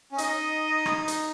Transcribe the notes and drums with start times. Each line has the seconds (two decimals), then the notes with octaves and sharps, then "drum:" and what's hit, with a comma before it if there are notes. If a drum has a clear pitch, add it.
0.12 C#4
0.18 D#4 D#5, drum: hi-hat
0.86 drum: rim click
1.08 drum: hi-hat